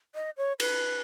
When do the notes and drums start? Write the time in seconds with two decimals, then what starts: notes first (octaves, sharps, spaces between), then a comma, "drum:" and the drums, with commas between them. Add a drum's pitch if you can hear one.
0.15 D#5
0.37 C#5
0.60 B4, drum: cymbal